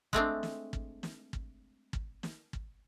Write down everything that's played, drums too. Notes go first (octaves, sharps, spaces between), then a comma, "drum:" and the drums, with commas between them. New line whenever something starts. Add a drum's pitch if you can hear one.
G#3 A3 C4 D4, drum: kick
drum: snare
drum: kick
drum: snare
drum: kick
drum: kick
drum: snare
drum: kick